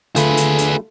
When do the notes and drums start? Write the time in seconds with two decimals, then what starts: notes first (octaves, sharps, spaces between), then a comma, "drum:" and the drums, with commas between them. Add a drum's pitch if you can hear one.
0.16 D3 A3 F4 G#4 B4, drum: hi-hat
0.37 drum: hi-hat
0.58 drum: hi-hat